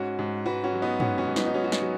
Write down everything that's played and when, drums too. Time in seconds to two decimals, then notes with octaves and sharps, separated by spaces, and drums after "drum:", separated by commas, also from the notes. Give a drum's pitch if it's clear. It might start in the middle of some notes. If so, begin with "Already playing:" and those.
Already playing: G#2 C#4 F#4
0.19 G#2
0.46 G#2 F#4 B4
0.64 C#4 F#4
0.73 F#3
0.82 B3 D#4
1.00 G#2 C#4 F#4, drum: tom
1.18 C#4 F#4
1.27 G#2
1.36 B3 D#4, drum: snare
1.46 D#4
1.54 F#3 C#4
1.64 F#4
1.72 B3 D#4, drum: snare
1.82 F#3